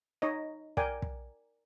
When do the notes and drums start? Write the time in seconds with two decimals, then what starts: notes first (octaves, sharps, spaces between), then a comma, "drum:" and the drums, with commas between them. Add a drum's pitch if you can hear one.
0.22 D#4 C#5 D#5
0.77 A#4 D5 G5 G#5, drum: kick
1.02 drum: kick